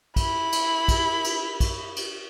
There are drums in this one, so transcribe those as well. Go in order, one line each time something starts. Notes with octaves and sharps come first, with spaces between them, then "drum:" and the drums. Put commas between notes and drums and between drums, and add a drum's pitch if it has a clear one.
E4 B5, drum: kick, cymbal
drum: cymbal
drum: kick, cymbal
drum: cymbal
drum: kick, cymbal
drum: cymbal